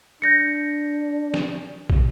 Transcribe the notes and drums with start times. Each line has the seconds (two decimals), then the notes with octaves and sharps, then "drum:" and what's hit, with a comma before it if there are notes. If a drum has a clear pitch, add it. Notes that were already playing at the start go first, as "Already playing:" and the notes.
0.22 D4 G6 A#6 C#7
1.34 drum: snare
1.90 drum: kick